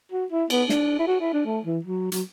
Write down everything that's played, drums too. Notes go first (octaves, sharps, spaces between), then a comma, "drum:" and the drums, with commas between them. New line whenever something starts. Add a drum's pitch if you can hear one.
F#4
E4
B3, drum: cymbal
D4, drum: snare
E4
F#4
E4
D4
A3
E3
F#3
F#3, drum: hi-hat